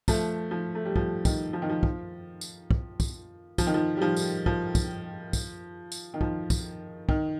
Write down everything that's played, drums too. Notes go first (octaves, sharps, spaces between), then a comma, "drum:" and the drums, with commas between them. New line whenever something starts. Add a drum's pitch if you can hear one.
F3 A3, drum: kick, tambourine
F3
A3
G3
F3, drum: kick
D#3, drum: kick, tambourine
F3
D#3
F3
F3, drum: kick
drum: tambourine
drum: kick
drum: kick, tambourine
F3, drum: kick, tambourine
D#3
F3
G3
F3
drum: tambourine
F3, drum: kick
drum: kick, tambourine
drum: kick, tambourine
drum: tambourine
D#3
F3, drum: kick
drum: kick, tambourine
D#3, drum: kick